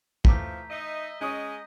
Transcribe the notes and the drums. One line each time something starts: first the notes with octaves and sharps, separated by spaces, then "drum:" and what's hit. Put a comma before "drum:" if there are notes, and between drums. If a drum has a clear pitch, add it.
E3 F3 A3 A#5 D6 G6 B6, drum: kick
D#4 D#5 E5
G#3 C#4 D#5 C#6 D#6 G6